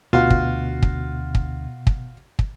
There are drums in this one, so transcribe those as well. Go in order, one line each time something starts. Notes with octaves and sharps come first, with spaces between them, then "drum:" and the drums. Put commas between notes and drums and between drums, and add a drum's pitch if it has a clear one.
D2 B2 F4 F#4 F5
drum: kick
drum: kick
drum: kick
drum: kick
drum: kick